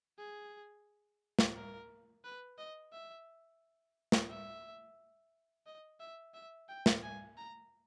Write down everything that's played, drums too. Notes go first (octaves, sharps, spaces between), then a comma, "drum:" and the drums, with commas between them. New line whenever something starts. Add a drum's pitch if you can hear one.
G#4
drum: snare
A#4
B4
D#5
E5
drum: snare
E5
D#5
E5
E5
G5
drum: snare
G#5
A#5